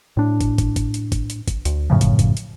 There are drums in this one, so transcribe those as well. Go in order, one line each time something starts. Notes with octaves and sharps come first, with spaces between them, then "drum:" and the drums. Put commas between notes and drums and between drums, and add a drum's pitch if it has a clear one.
A2 D4
drum: kick, hi-hat
drum: kick, hi-hat
drum: kick, hi-hat
drum: hi-hat
drum: kick, hi-hat
drum: hi-hat
drum: kick, hi-hat
D2, drum: hi-hat
F#2 A2 C#3 F3
drum: kick, hi-hat
drum: kick, hi-hat
drum: hi-hat